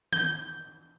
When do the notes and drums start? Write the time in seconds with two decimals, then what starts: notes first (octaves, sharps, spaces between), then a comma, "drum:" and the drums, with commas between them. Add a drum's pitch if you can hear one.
0.13 G6, drum: tom D#3